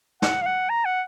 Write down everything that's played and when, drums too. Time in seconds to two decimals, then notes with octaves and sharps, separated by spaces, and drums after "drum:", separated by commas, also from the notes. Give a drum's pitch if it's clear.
0.22 F#5, drum: snare
0.42 F5
0.46 F#5
0.70 A#5
0.85 F#5